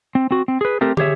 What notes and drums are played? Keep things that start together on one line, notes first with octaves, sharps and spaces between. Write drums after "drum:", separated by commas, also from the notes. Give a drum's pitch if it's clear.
C4
C4 F#4
C4
G#4 B4
A3 C4 G4 A#4
G4 G#4 C#5 E5, drum: tom